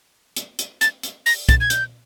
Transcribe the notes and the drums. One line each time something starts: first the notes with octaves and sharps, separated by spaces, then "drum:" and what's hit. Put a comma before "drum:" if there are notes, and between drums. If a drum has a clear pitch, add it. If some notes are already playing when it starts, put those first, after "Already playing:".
drum: hi-hat
drum: hi-hat
A6, drum: hi-hat
drum: hi-hat
A#6, drum: open hi-hat
A6, drum: kick, hi-hat
G#6
G6, drum: hi-hat